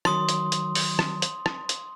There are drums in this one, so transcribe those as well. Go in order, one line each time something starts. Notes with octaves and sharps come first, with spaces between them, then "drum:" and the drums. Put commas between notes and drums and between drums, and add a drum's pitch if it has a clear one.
D#3 F#3 C6 D#6, drum: rim click
drum: hi-hat
drum: hi-hat
drum: open hi-hat
drum: rim click
drum: hi-hat
drum: rim click
drum: hi-hat